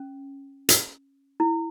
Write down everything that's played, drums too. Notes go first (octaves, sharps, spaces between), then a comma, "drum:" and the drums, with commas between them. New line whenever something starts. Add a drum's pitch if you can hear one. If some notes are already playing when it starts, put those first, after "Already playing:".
Already playing: C#4
drum: hi-hat
E4